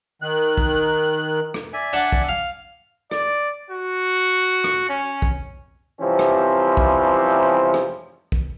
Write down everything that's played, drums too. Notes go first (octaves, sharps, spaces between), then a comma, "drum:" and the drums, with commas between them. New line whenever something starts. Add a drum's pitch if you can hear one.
D#3 F#6
drum: kick
drum: rim click
D5 E5 G#5
D4 F#5 A5
drum: kick
F5
D5, drum: rim click
F#4
drum: rim click
C#4
drum: kick
C3 E3 F3 G3 C4 C#4
drum: rim click
drum: kick
drum: rim click
drum: kick